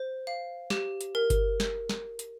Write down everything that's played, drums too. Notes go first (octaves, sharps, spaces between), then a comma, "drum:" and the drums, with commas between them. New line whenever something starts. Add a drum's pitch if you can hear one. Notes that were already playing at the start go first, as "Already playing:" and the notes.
Already playing: C5
F5
G4, drum: snare
drum: hi-hat
A#4
drum: kick G1, hi-hat
drum: snare
drum: snare
drum: hi-hat